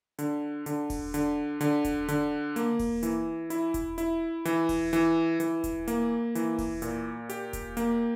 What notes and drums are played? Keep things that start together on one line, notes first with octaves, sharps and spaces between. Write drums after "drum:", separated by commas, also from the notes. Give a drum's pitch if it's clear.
D3, drum: hi-hat
D3, drum: hi-hat
drum: kick E1, open hi-hat
D3, drum: hi-hat
D3, drum: hi-hat
drum: kick E1, hi-hat
D3, drum: hi-hat
A#3, drum: hi-hat
drum: kick E1, open hi-hat
E3, drum: hi-hat
E4, drum: hi-hat
drum: kick E1, hi-hat
E4, drum: hi-hat
E3, drum: hi-hat
drum: kick E1, open hi-hat
E3, drum: hi-hat
E3, drum: hi-hat
drum: kick E1, hi-hat
A#3, drum: hi-hat
E3, drum: hi-hat
drum: kick E1, open hi-hat
A#2, drum: hi-hat
G4, drum: hi-hat
drum: kick E1, hi-hat
A#3, drum: hi-hat